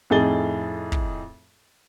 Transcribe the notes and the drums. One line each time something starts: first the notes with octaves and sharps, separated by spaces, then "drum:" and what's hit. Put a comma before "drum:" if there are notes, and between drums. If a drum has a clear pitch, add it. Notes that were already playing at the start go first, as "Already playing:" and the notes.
F2 A2 D#4 G#4 A6 G7
drum: kick